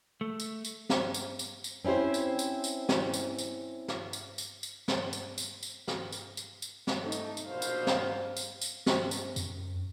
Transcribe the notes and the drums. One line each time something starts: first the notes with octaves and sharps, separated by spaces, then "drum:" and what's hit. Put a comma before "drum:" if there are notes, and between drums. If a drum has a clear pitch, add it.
A3
drum: tambourine
drum: tambourine
drum: snare
drum: tambourine
drum: tambourine
drum: tambourine
C4 C#4 E4 G4 C5
drum: tambourine
drum: tambourine
drum: tambourine
drum: snare
drum: tambourine
drum: tambourine
drum: snare
drum: tambourine
drum: tambourine
drum: tambourine
drum: snare
drum: tambourine
drum: tambourine
drum: tambourine
drum: snare
drum: tambourine
drum: tambourine
drum: tambourine
drum: snare
A3 D#4
drum: tambourine
drum: tambourine
A#1 B2 C5 F5
drum: tambourine
drum: snare
drum: tambourine
drum: tambourine
drum: snare
drum: tambourine
F#2, drum: tambourine